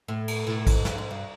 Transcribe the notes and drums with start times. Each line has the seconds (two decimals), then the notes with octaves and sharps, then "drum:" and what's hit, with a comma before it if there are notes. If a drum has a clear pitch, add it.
0.08 A2
0.28 drum: cymbal
0.47 A2
0.67 G#2, drum: kick, cymbal
0.85 G2, drum: snare
0.98 G#2
1.11 G2